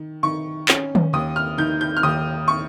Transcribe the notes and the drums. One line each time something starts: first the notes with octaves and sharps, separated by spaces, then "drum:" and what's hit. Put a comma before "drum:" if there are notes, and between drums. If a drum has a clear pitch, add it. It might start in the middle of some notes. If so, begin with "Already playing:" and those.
Already playing: D#3
D#3 C#6
C#4, drum: clap
drum: tom D#3
D#2 D#6
F6
D#3 G6
G6
F6
D#2 D#6
C#6